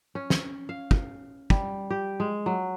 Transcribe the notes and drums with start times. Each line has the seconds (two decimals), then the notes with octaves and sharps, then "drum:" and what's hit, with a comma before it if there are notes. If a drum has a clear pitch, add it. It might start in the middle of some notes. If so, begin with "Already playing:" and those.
0.15 C#4
0.30 drum: snare
0.69 F5
0.91 drum: kick
1.50 G3, drum: kick
1.90 G4
2.20 G#3
2.46 F#3